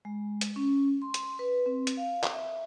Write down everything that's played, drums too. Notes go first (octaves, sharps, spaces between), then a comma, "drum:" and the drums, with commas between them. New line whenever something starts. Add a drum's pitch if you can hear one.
G#3
drum: hi-hat
C#4
C6
drum: hi-hat
B4
C4
drum: hi-hat
F5
drum: clap
E5